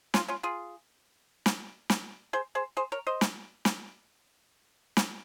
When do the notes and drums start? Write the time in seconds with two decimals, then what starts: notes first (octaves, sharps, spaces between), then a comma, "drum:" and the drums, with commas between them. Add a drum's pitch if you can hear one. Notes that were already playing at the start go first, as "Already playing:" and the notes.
0.14 C#4 F4, drum: snare
0.28 C#4 F4
0.43 F4 G#4
1.46 drum: snare
1.90 drum: snare
2.33 G#4 C5
2.55 G#4 C5
2.77 G#4 C5
2.92 A#4 C#5
3.07 C5 D#5
3.21 drum: snare
3.65 drum: snare
4.97 drum: snare